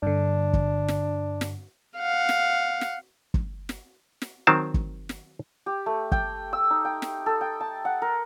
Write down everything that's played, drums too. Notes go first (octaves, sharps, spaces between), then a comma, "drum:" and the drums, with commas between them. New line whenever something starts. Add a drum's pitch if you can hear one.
G2 D3 D4
drum: kick
drum: snare
drum: snare
F5 F#5
drum: snare
drum: snare
drum: kick
drum: snare
drum: snare
D#3 F#3 C4 A5
drum: kick
drum: snare
G4
A3
G5, drum: kick
E6
D#4
G5
drum: snare
A4
G5
A5
F#5
A#4